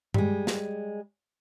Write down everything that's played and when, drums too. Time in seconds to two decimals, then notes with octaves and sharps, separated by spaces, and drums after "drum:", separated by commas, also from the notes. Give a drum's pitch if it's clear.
0.14 G3 G#3, drum: tom G2
0.47 drum: snare